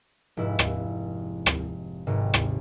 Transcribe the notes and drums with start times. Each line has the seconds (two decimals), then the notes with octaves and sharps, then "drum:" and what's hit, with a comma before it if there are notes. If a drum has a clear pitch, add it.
0.37 F1 G#2 E4
0.59 drum: rim click
1.46 drum: rim click
2.07 G#1 G#2 C3
2.34 drum: rim click